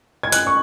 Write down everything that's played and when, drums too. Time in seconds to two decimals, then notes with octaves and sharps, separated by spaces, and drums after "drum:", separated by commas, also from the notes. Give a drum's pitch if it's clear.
0.23 G#6
0.32 F#6, drum: hi-hat
0.47 C#6